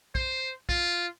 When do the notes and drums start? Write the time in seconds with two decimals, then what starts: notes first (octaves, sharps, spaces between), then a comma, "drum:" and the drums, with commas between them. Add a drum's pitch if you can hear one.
0.15 C5, drum: kick
0.69 F4, drum: kick